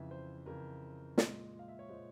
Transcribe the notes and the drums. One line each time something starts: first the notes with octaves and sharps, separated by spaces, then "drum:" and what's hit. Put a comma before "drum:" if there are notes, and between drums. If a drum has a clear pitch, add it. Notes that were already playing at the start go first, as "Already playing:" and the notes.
Already playing: F2 C#3 E3 E5
C5
F2 C#3 E3 A#4
A#2 G#3, drum: snare
F5
E5
C#5
A#2 G#3 C5